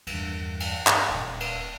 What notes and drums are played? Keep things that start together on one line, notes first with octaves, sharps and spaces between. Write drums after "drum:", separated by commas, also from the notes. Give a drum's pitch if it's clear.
E2 G2, drum: cymbal
drum: cymbal
drum: clap
D#1
drum: cymbal